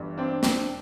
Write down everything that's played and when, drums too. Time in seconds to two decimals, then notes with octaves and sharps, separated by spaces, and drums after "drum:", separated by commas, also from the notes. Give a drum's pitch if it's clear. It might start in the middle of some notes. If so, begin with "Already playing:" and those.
Already playing: G1 G2 E3
0.18 C4 D4
0.43 C4 D4, drum: snare